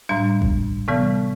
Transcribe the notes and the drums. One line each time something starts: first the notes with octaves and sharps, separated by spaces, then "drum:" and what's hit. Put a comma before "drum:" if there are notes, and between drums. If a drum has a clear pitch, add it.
A2 G3 D4
drum: kick G#1
C3 E3 G3 B3